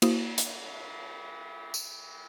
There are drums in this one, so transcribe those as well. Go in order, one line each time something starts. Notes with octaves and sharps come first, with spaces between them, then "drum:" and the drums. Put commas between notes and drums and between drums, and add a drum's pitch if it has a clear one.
A#3 E4 F#4 C5 D#6, drum: cymbal
drum: hi-hat
drum: tambourine